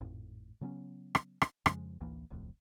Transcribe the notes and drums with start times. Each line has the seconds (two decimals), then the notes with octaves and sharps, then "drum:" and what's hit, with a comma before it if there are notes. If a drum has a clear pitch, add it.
0.01 G#1 F2 A2
0.61 C#3 F#3 B3 C#4
1.15 drum: rim click
1.42 drum: rim click
1.66 F2 C#3 F3 G#3, drum: rim click
2.01 A1 D2 E3 A#3
2.30 D1 C2 F2 A2